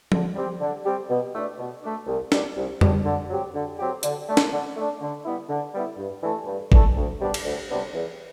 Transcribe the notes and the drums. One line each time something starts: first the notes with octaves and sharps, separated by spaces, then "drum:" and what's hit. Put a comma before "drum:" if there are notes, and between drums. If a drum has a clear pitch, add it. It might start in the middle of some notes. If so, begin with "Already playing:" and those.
D3, drum: tom F3
G3 C4 G4
D3
G3 C4 G4
B2
A3 D4
B2
A3 D4
C2
B2 G3 D4, drum: snare
C2
B2 G3 D4, drum: tom F2
D3
F#3 C4 G4
D3
F#3 C4 G4
D3, drum: hi-hat
A3 D4
drum: snare
D3
A3 D4
D3
G3 B3 E4
D3
G3 B3 E4
G2
E3 A3 D4 A4
G2
E3 A3 D4 A4, drum: kick G#1
D2
C3 G3 B3 D4
drum: cymbal
D2
C3 G3 B3 D4
E2